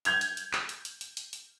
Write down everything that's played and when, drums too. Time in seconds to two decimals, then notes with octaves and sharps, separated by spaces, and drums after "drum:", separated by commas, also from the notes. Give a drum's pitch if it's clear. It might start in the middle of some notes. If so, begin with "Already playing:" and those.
0.05 G6 G#6 F7, drum: hi-hat
0.21 drum: hi-hat
0.37 drum: hi-hat
0.53 drum: clap
0.69 drum: hi-hat
0.85 drum: hi-hat
1.01 drum: hi-hat
1.17 drum: hi-hat
1.33 drum: hi-hat